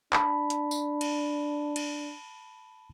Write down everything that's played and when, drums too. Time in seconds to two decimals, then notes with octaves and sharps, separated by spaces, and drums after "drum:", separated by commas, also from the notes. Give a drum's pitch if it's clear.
0.13 D4 A5 B5, drum: clap
0.50 drum: hi-hat
0.71 drum: tambourine
1.01 drum: cymbal
1.76 drum: cymbal